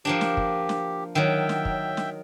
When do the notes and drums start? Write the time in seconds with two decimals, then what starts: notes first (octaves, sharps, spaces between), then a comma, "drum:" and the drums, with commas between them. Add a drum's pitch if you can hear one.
0.05 F3 A#3 D4 G4
0.21 drum: snare
0.37 drum: kick
0.69 drum: snare
1.15 D#3 F#3 E5 G5
1.49 drum: snare
1.65 drum: kick
1.97 drum: snare